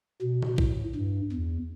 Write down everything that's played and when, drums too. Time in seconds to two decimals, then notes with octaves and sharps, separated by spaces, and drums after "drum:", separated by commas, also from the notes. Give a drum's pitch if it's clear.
0.22 B2
0.42 drum: tom B2
0.58 A2, drum: kick A#1
0.95 G2
1.32 E2